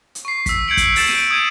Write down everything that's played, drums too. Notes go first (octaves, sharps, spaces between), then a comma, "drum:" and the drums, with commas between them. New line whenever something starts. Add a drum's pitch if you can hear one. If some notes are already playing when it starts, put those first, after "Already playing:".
drum: hi-hat
C#6 C7
E6 B6, drum: kick, hi-hat
G6 G#6 C#7 D7 F#7
drum: kick, hi-hat
G6 A6 E7 F#7, drum: open hi-hat
D7 D#7, drum: snare
D#6 G#6 D#7